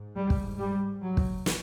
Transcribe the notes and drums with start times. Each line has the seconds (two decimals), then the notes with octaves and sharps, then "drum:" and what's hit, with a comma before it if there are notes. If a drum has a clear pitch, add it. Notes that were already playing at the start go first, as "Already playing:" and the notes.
Already playing: G#2
0.16 G3
0.30 drum: kick
0.58 G3
1.03 F#3
1.17 drum: kick
1.46 drum: snare